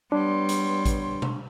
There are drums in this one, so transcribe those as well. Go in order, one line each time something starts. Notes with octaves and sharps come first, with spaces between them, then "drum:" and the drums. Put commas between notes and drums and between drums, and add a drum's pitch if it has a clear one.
G3 B3 D4 C#5 C6
drum: hi-hat
drum: kick A1, hi-hat
drum: tom B2